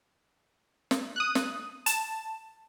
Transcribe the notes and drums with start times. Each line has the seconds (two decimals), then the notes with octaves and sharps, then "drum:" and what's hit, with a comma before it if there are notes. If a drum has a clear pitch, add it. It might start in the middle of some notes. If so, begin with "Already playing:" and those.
0.91 drum: snare
1.16 D#6 F#6
1.35 drum: snare
1.86 A5, drum: hi-hat